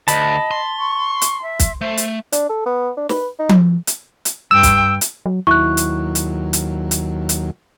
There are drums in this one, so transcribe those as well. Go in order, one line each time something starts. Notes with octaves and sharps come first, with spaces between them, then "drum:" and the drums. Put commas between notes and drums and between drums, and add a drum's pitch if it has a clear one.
D2 D#5 A5 B5, drum: hi-hat
C6
C#6
drum: hi-hat
E5
drum: kick, hi-hat
A3 C5
drum: hi-hat
D4, drum: hi-hat
A4
B3
D4
B4, drum: snare
D#4
drum: tom F3
drum: hi-hat
drum: hi-hat
G2 G5 E6
drum: kick, hi-hat
drum: hi-hat
F#3
D#2 F#3 E4 C#6 F#6
drum: hi-hat
drum: hi-hat
drum: hi-hat
drum: hi-hat
drum: hi-hat